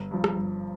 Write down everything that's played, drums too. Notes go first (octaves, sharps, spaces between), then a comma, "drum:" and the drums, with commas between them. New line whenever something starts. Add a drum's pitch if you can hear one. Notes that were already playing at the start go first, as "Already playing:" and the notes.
Already playing: G1
G2 F3
drum: rim click
G1